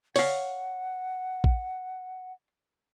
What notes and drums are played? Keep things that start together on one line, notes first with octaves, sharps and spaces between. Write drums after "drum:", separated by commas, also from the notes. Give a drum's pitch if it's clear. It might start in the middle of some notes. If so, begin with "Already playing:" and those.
C#5 F5 F#5, drum: open hi-hat
drum: kick